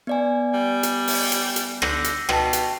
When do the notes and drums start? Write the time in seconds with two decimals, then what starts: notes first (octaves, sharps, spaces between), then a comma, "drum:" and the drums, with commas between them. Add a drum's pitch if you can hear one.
0.07 B3 D5 G#5
0.54 G3
0.83 drum: hi-hat
1.07 drum: open hi-hat
1.32 drum: hi-hat
1.56 drum: hi-hat
1.82 D3 G6 A#6, drum: rim click
2.04 drum: hi-hat
2.29 B2 G5 A5, drum: rim click
2.53 drum: hi-hat